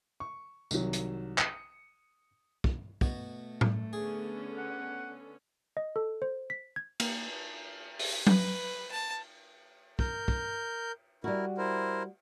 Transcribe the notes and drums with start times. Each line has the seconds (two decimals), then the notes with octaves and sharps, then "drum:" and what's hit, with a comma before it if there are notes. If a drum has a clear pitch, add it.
0.20 C#6
0.71 C2 D#3 F#3, drum: tambourine
0.93 drum: hi-hat
1.38 D#6 C#7, drum: clap
2.64 drum: kick
3.01 B2 A3 F#4, drum: kick
3.61 drum: tom A2
3.93 D3 B3 C#4 G#4
4.58 F#5
5.77 D#5
5.96 A4
6.22 C5
6.50 B6
6.76 G#6
7.00 A#3, drum: cymbal
7.99 drum: open hi-hat
8.27 B4, drum: tom F#3
8.91 A5
9.99 A#4 G6, drum: kick
10.28 drum: kick
11.24 G3 E4 F#4 A#4
11.58 E4 A#4 C5